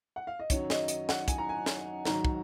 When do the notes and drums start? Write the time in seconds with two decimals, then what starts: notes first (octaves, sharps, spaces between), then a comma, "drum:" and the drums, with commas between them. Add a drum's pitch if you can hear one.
0.16 F#5
0.27 F5
0.40 D#5
0.50 F#2 D#3 F#3 C#5, drum: kick, hi-hat
0.70 D#5, drum: snare
0.88 D#5, drum: hi-hat
1.09 F#5, drum: snare
1.28 G#5, drum: kick, hi-hat
1.38 A#5
1.49 G#5
1.66 drum: snare
2.05 G#2 D#3 F#3 A#5, drum: snare
2.25 drum: kick